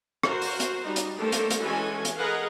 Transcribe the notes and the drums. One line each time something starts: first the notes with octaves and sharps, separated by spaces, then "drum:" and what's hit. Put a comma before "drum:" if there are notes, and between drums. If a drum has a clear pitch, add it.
F#4 A#4 C5, drum: rim click
drum: open hi-hat
drum: hi-hat
G3 D#4 F#4
drum: hi-hat
A3 A#3 D4 G4 A4 C5
drum: hi-hat
drum: hi-hat
E3 G#3 C#4 F#4 A4 G#5
drum: hi-hat
G#4 A#4 B4 D#5 F5 F#5